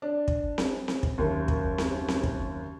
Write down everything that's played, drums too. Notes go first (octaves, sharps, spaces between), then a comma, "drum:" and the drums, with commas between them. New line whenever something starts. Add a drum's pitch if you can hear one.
D4
drum: kick
drum: snare C4
drum: snare C4
drum: kick
F#1 D#2
drum: kick
drum: snare C4
drum: snare C4
drum: kick